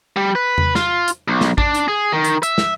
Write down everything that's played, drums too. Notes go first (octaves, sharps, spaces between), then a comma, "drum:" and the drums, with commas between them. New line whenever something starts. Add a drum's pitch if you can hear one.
G3
B4
drum: tom E2
F4, drum: snare
drum: hi-hat
B1
drum: snare
D4, drum: kick
drum: hi-hat
G#4
D#3
drum: hi-hat
E5, drum: hi-hat
drum: snare